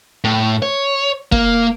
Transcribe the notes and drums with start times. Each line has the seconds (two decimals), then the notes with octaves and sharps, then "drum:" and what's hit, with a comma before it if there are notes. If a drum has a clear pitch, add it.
0.24 A2
0.62 C#5
1.32 A#3, drum: kick